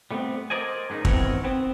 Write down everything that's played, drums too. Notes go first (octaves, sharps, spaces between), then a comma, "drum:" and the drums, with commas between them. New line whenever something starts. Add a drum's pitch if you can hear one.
G3 A3 B3 C4
A#4 C5 D5 D#5 G#5
G#2 B3 C#4 D#4
D#3 E3 B3 C4 A#4 C#5, drum: kick
B3 C4